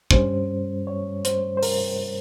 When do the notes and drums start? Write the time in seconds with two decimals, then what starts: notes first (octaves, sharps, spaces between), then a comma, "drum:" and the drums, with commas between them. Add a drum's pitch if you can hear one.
0.11 G2 G3 C#4 C5, drum: kick
0.87 C#5
1.25 C5, drum: hi-hat
1.57 C5
1.63 A#4, drum: open hi-hat